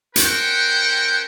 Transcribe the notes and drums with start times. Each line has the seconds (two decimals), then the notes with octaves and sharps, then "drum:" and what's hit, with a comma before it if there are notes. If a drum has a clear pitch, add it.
0.16 C#4 A#4 C5 F#5 G5, drum: hi-hat